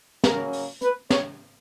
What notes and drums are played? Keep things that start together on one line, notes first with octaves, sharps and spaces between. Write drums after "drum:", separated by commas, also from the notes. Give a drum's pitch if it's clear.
C#3 F#3 A#3 C#4 A#4, drum: snare
drum: open hi-hat
B4, drum: hi-hat
C#5, drum: snare